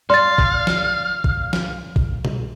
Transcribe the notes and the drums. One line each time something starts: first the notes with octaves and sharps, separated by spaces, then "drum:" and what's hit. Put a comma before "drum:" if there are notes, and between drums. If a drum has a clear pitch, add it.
D5 F5 C6 A6
drum: kick A1
drum: snare
drum: kick A1
drum: snare
drum: kick A1
drum: tom B2